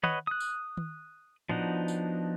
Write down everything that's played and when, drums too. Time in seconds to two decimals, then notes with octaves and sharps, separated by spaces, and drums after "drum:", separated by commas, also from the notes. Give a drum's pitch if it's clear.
0.03 B4 C#5 D#5 F#5, drum: tom D#3
0.27 D#6 F#6
0.40 drum: tambourine
0.77 drum: tom D#3
1.49 F3 B3 D4 D#4 F#4, drum: tom A2
1.88 drum: tambourine